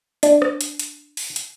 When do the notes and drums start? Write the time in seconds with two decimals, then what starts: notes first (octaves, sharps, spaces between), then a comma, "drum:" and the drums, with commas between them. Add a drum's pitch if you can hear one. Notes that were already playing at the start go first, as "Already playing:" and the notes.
0.23 D4, drum: hi-hat
0.42 drum: rim click
0.61 drum: hi-hat
0.79 drum: hi-hat
1.17 drum: open hi-hat
1.36 drum: hi-hat